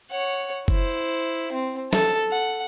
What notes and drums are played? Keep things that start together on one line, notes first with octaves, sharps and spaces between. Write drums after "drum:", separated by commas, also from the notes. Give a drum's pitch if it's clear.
C#5 F#5
E4 C5, drum: kick
C4
A4, drum: snare
F#5